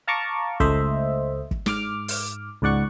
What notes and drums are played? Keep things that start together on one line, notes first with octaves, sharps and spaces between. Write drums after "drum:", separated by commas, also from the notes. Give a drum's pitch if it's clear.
F5 A5 A#5 C#6 D6
C#2 A3 C5 D#5 E5, drum: kick
drum: kick
G#2 D6 F6, drum: snare
drum: open hi-hat
C#2 G#2 D5 F#5 C#6